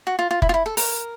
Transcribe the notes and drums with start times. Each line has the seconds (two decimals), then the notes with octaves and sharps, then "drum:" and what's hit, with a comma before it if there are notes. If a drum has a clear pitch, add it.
0.07 F#4
0.19 F4
0.31 F4
0.42 E4, drum: kick F1
0.49 F4
0.54 E4
0.66 A4
0.77 A#4, drum: open hi-hat